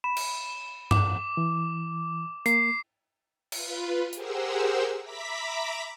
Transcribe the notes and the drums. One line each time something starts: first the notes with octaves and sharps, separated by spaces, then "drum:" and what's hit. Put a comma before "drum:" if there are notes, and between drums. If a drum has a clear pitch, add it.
B5 E7
drum: cymbal
D6, drum: tom G2
E3
A#3 C7, drum: hi-hat
F4 B4, drum: cymbal
G4 G#4 A#4 C5 F#5 E6, drum: hi-hat
E5 A#5 B5 D6 B6